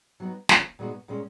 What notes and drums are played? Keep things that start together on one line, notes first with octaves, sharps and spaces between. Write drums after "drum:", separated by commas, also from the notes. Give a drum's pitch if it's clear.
F#3 B3 D#4
C#3 F3 A#3 C#4, drum: snare
A#2 G#3 B3 D#4 F#4
A#2 G#3 C#4